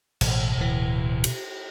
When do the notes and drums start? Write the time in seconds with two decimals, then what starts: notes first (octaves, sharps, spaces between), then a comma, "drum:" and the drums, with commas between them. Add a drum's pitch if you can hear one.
0.21 A1 B2, drum: cymbal
0.57 D1 E3
1.24 drum: cymbal